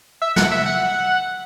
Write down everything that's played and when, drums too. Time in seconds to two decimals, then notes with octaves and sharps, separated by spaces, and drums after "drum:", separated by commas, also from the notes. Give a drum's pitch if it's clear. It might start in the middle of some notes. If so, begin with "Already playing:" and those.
0.22 E5
0.36 F#5, drum: snare
0.51 E5
0.66 F#5